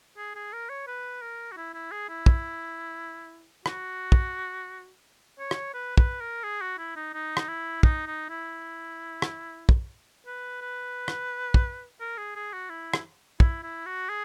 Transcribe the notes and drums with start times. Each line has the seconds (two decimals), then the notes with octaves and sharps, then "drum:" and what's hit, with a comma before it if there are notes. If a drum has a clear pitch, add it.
0.17 G#4
0.35 G#4
0.53 A#4
0.69 C#5
0.87 B4
1.22 A#4
1.52 F#4
1.57 E4
1.74 E4
1.91 G#4
2.09 E4
2.26 drum: kick
3.66 F#4, drum: rim click
4.12 drum: kick
5.39 C#5
5.51 drum: rim click
5.74 B4
5.98 B4, drum: kick
6.21 A#4
6.43 G#4
6.61 F#4
6.79 E4
6.96 D#4
7.14 D#4
7.37 drum: rim click
7.48 E4
7.83 D#4, drum: kick
8.07 D#4
8.30 E4
9.22 drum: rim click
9.69 drum: kick
10.27 B4
10.61 B4
11.08 drum: rim click
11.54 drum: kick
12.01 A#4
12.18 G#4
12.36 G#4
12.53 F#4
12.70 E4
12.94 drum: rim click
13.40 E4, drum: kick
13.63 E4
13.86 F#4
14.09 G#4